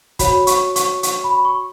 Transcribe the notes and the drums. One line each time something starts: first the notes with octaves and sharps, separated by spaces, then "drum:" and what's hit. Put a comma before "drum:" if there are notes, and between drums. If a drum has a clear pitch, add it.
F#4 C#5 B5, drum: kick, hi-hat
C#6, drum: hi-hat
C#6, drum: hi-hat
C#6, drum: hi-hat
B5
C#6